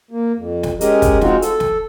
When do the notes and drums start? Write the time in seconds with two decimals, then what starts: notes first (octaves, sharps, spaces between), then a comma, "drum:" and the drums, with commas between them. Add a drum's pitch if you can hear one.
0.11 A#3
0.36 F2
0.63 drum: snare
0.81 G#3 C#4 G4 G#4 A#4 D#5, drum: hi-hat
1.02 drum: kick, hi-hat
1.21 G#3 C4 D#4 F4 F#4, drum: snare
1.42 A4, drum: hi-hat
1.60 drum: snare